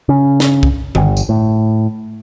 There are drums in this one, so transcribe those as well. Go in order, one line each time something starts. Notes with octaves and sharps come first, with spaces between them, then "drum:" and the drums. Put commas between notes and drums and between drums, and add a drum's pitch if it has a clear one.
C#3
drum: snare
drum: kick
G1, drum: tom D3
drum: tambourine
A2